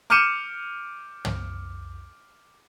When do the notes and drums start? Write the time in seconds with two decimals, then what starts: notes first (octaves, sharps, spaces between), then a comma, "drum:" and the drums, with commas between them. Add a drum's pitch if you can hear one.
0.10 D6 F6 G6 C#7 D#7 E7
1.25 drum: tom